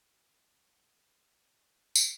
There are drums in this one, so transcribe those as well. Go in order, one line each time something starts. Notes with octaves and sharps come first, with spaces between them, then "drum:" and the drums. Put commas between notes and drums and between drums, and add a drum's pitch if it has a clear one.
F#4
B3
G#3
F#3
E3
F#3
G#3, drum: tambourine